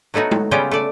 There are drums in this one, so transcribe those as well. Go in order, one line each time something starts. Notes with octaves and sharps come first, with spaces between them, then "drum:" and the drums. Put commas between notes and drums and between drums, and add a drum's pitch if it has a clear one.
F#3 A3 B3 D#4 F#4
drum: tom G#3
C#3 G3 B3 C#4 F4 G5
A3 D5